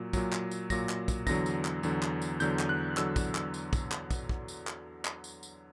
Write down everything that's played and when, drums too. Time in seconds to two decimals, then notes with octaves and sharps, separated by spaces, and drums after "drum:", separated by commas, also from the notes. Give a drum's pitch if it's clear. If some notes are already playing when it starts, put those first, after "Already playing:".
Already playing: A#2 F#3
0.13 A#2 F#3, drum: kick, tambourine
0.33 drum: clap
0.51 drum: tambourine
0.70 A#2 F#3 A#6, drum: kick, tambourine
0.89 drum: clap
1.08 drum: kick, tambourine
1.27 E2 D3 F#3 A#6, drum: kick, tambourine
1.46 drum: tambourine
1.65 drum: clap
1.83 E2 D3 F#3, drum: tambourine
2.03 drum: clap
2.22 drum: tambourine
2.40 E2 D3 F#3 G6, drum: tambourine
2.59 drum: clap
2.69 F#6
2.97 D3 F#3 E6, drum: clap
3.16 drum: kick, tambourine
3.35 drum: clap
3.54 drum: tambourine
3.73 drum: kick, tambourine
3.92 drum: clap
4.11 drum: kick, tambourine
4.29 drum: kick
4.48 drum: tambourine
4.67 drum: clap
5.05 drum: clap
5.24 drum: tambourine
5.43 drum: tambourine